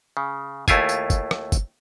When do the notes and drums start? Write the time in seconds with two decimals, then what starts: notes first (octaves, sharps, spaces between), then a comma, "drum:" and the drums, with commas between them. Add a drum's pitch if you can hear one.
0.17 C#3
0.68 D#2 A3 E4 F4 G#5, drum: kick, tambourine
0.89 drum: tambourine
1.10 drum: kick, tambourine
1.31 drum: rim click
1.52 drum: kick, tambourine